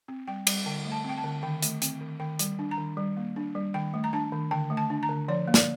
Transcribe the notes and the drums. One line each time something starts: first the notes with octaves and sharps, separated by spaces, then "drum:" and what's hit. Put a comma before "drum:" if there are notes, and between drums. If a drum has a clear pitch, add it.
C4
G3 G5
G3, drum: cymbal
D3 G5
A3
A5
C4 G5
A5
D3
D#3 G5
A3, drum: hi-hat
C4, drum: hi-hat
D#3
D#3 G5
G3, drum: hi-hat
D4
A#5
D#3
G3
A#3
D4
G3
D#3 G5
A3
A#5
D4 A5
D#3
D3 G5
A3
A5
D4
A#5
D3
F3 D5
A#3
D5, drum: snare